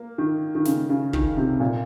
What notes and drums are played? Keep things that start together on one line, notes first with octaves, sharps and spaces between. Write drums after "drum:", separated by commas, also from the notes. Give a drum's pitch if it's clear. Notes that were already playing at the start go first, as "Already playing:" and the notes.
Already playing: A#3
D#3
D#3
C#3, drum: snare
C#3
D#3, drum: kick
C3
A#2